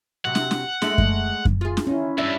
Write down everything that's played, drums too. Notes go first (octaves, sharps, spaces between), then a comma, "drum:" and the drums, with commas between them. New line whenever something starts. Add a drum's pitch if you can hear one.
C3 F#3 F#5
drum: snare
drum: snare
G#3 A3, drum: snare
drum: kick F#2
drum: kick F#2
F4 G#4
drum: snare
D#3 C#4 E4
D2 G2 D5 E5